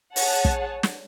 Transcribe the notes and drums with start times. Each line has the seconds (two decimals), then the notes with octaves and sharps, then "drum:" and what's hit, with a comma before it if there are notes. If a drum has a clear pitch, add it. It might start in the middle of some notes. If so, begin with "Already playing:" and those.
0.16 G#4 C#5 F#5 A5, drum: open hi-hat
0.45 drum: kick
0.83 drum: snare